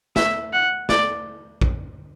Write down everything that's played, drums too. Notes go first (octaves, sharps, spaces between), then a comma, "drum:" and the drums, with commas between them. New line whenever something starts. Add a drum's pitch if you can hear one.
E5, drum: snare
F#5
D5, drum: snare
drum: kick A#1